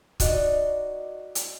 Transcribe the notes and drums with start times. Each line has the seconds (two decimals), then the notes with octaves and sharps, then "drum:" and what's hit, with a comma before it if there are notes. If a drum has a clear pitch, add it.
0.20 D#4 F#4 D5 D#5, drum: kick, hi-hat
1.35 drum: hi-hat